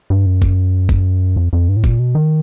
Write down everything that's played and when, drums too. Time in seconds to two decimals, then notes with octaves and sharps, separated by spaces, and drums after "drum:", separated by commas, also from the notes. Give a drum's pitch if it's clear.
0.10 G2
0.26 F#2
0.42 drum: kick
0.89 drum: kick
1.36 F2
1.53 F2
1.69 G2
1.76 A2
1.84 A#2, drum: kick
1.99 B2
2.15 D#3